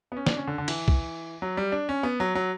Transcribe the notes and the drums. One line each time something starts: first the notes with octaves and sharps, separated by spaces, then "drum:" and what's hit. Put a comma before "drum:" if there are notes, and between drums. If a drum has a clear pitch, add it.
B3
C#4
D4, drum: snare
C#4
D3
D3
E3, drum: cymbal
drum: kick
F#3
G3
D4
C#4
B3
F#3
F#3